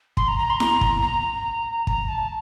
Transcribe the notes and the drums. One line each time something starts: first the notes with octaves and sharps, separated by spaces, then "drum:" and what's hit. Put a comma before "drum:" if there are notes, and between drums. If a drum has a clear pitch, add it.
C6, drum: kick
A#5
A#5
C6
A#5, drum: snare E4
drum: kick
A#5
A#5, drum: kick
A5